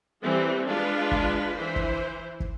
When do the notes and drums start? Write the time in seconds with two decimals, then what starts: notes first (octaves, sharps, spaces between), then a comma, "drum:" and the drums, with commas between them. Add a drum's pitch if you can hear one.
0.22 E3 G3 C4 A4
0.69 G#3 D4 F4 B4
1.12 drum: kick
1.55 E3 C5
1.76 drum: kick
2.40 drum: kick